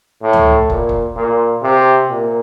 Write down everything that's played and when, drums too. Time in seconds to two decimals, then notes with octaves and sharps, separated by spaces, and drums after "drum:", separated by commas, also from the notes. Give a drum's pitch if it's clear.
0.22 A2
0.33 drum: tom C#2
0.70 A#2, drum: kick
0.89 drum: kick
1.16 A#2
1.63 C3
2.10 A#2